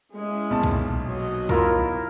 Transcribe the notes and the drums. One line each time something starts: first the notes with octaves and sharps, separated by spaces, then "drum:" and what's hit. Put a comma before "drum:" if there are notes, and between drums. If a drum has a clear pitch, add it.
G#3 C#4 E4
B1 A#2 A5
drum: kick C2
F#3 D#5
E4 F4 A#4, drum: kick C2